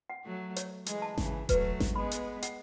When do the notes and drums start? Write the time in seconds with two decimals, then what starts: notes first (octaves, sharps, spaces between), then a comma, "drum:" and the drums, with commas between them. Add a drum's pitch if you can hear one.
0.10 F#5
0.24 F#3 A3
0.56 C#5, drum: hi-hat
0.86 E3 G#3, drum: hi-hat
1.02 A5
1.18 C#3 E3, drum: snare G#1
1.49 F#3 A3 B4, drum: kick D#1, hi-hat
1.80 drum: snare G#1
1.96 G#3 B3 B5
2.11 drum: hi-hat
2.43 F#5, drum: hi-hat